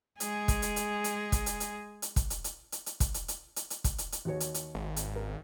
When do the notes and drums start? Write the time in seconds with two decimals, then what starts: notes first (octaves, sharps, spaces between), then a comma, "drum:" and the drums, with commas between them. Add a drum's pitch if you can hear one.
0.20 G#3 G#4, drum: hi-hat
0.48 drum: kick, hi-hat
0.62 drum: hi-hat
0.76 drum: hi-hat
1.04 drum: hi-hat
1.32 drum: kick, hi-hat
1.46 drum: hi-hat
1.60 drum: hi-hat
2.02 drum: hi-hat
2.16 drum: kick, hi-hat
2.30 drum: hi-hat
2.44 drum: hi-hat
2.72 drum: hi-hat
2.86 drum: hi-hat
3.00 drum: kick, hi-hat
3.14 drum: hi-hat
3.28 drum: hi-hat
3.56 drum: hi-hat
3.70 drum: hi-hat
3.84 drum: kick, hi-hat
3.98 drum: hi-hat
4.12 drum: hi-hat
4.25 D#2 F#4 C#5
4.40 drum: hi-hat
4.54 drum: hi-hat
4.75 G#1
4.96 drum: hi-hat
5.16 A#4